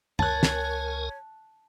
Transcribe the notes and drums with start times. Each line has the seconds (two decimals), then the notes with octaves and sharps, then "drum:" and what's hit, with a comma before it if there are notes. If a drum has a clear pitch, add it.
0.19 C#2 A#4 C#5 G#5 A5 F#6, drum: tom
0.43 drum: snare